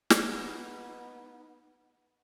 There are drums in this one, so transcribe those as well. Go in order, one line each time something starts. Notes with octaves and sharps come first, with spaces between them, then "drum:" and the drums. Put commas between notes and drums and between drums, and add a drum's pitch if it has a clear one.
drum: snare
B3 D#4